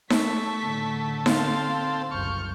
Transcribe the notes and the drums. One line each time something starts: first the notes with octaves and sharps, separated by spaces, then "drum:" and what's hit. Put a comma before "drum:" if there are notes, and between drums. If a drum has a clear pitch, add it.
A3 C#6 B6, drum: snare D#4
A2 D3
C4 A4 F5, drum: snare D#4
F#1 C2 F#2 C#6 F6 G6